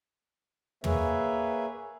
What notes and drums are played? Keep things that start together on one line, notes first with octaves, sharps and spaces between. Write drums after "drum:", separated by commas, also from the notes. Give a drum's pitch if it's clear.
A#3 G#4 B4 C#5 E5, drum: tom